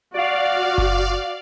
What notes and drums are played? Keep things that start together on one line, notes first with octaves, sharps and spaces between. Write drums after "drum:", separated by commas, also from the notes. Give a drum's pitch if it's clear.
F#4 D5 F5
drum: kick F#1